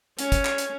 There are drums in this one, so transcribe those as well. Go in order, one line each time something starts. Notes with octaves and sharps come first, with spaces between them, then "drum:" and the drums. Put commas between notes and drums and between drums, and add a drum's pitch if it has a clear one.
C#4, drum: hi-hat
drum: kick, hi-hat
drum: clap
drum: hi-hat